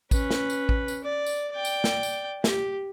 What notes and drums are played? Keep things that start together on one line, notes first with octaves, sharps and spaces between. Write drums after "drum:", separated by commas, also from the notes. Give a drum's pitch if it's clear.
C#4 B4, drum: kick A1, tambourine
drum: snare
drum: tambourine
drum: kick A1
drum: tambourine
D5
drum: tambourine
D5 G5
drum: tambourine
drum: snare
drum: tambourine
G4, drum: snare